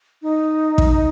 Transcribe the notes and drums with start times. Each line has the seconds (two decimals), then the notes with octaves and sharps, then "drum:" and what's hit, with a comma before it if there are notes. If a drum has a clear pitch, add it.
0.22 D#4
0.78 drum: kick